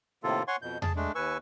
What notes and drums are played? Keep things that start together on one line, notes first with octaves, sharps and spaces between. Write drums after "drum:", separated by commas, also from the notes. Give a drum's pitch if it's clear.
A2 C3 D#3 A#3 F4 A4
C#5 F#5 G#5 C6 C#6
F2 B2 G6
G#4 A5, drum: tom E2
G#3 A3 D4
D#2 B4 G#5 C#6 E6